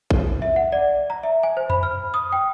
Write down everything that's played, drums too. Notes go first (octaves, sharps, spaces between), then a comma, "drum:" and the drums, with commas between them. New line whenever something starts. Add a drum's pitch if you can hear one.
drum: kick A1
E5
F#5
D5
A#5
E5
G#5
C5
B5, drum: tom F2
F6
D#6
G5